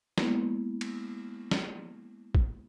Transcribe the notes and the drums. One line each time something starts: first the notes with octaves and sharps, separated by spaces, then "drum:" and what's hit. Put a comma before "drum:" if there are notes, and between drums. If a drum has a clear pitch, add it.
G#3 A#3 B3 E4, drum: snare
drum: cymbal
drum: snare
drum: kick